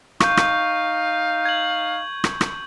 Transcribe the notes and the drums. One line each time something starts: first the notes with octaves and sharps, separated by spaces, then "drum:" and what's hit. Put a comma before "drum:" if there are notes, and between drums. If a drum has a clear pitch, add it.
D#4 F5 C#6 G6, drum: rim click
drum: rim click
G#6 F#7
drum: rim click
drum: rim click